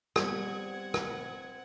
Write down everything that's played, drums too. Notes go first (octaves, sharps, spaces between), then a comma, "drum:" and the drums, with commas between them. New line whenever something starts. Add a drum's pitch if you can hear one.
G3 B3 C4 F#5 G#6, drum: rim click
drum: rim click